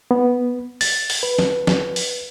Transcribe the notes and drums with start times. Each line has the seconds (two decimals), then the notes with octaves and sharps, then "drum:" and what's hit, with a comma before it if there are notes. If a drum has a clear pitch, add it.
0.11 B3
0.81 A6, drum: open hi-hat
1.10 drum: open hi-hat
1.23 B4
1.39 drum: snare
1.67 drum: snare
1.96 drum: open hi-hat